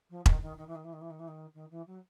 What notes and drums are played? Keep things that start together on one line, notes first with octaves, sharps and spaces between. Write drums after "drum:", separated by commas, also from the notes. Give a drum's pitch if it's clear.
F3
D#3, drum: kick E1
D#3
D#3
E3
D#3
E3
D#3
E3
D#3
E3
D#3
D#3
E3
F#3